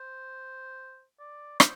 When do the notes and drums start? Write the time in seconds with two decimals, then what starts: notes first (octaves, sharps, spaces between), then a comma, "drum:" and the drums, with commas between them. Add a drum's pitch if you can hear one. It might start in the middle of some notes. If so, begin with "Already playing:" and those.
Already playing: C5
1.19 D5
1.60 C5, drum: rim click